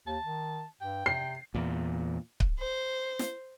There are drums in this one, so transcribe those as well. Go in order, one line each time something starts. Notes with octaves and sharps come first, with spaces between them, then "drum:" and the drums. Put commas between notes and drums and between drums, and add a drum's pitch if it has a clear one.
D#2 A5
D#3
G2 G5
C3 C7
E2 A#2
drum: kick C#1
C5
drum: snare